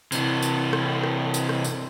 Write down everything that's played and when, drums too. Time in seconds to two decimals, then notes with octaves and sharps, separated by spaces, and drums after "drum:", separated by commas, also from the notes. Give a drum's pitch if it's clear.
0.12 C3 E3, drum: tambourine
0.43 drum: tambourine
0.73 drum: rim click
1.03 drum: rim click
1.34 drum: tambourine
1.49 drum: rim click
1.64 drum: tambourine